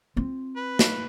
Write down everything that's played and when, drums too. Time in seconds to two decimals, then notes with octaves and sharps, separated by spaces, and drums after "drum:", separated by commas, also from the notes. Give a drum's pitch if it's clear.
0.17 C4 F4
0.57 B4
0.79 drum: snare